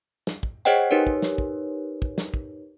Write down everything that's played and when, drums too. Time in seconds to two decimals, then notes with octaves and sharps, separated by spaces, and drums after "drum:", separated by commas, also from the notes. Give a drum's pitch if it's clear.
0.27 drum: snare
0.43 drum: kick
0.65 G#4 C5 C#5 D#5 F#5 G5
0.91 D#4 G4 A#4 B4 C#5
1.07 drum: kick
1.22 drum: snare
1.38 drum: kick
2.02 drum: kick
2.18 drum: snare
2.34 drum: kick